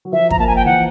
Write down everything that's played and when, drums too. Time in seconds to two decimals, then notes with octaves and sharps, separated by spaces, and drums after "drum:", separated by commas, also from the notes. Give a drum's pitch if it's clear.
0.05 F#3
0.12 F3 E5
0.31 A#5, drum: kick
0.39 A#3 A5
0.47 G#5
0.56 G5
0.65 E3 F#5